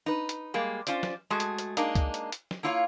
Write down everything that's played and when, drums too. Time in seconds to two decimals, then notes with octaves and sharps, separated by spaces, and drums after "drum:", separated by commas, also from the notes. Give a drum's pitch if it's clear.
0.06 D#4 B4
0.29 drum: hi-hat
0.54 G3 G#3 A#3
0.87 C#4 F4 C5 D5, drum: hi-hat
1.03 drum: snare
1.30 G#3 A3 F#4 G#4
1.40 drum: hi-hat
1.58 drum: hi-hat
1.77 G#3 A#3 D4 D#4, drum: hi-hat
1.95 drum: kick, hi-hat
2.14 drum: hi-hat
2.32 drum: hi-hat
2.51 drum: snare
2.63 A#3 E4 F4 C#5 E5 F5